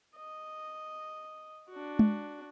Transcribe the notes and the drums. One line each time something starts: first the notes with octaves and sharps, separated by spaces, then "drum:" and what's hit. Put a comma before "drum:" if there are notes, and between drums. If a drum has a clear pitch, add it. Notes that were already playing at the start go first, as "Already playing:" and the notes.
D#5
D4 F#4
drum: tom G#3